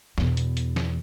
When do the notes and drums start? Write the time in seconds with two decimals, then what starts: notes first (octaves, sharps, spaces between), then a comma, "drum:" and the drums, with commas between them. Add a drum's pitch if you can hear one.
0.18 E2 B2, drum: snare
0.37 drum: hi-hat
0.57 drum: hi-hat
0.76 drum: snare